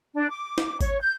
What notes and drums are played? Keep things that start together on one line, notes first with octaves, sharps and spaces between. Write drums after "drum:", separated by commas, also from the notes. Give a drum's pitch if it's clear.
D4
D6
drum: snare
C#5, drum: kick G#1, tambourine
G6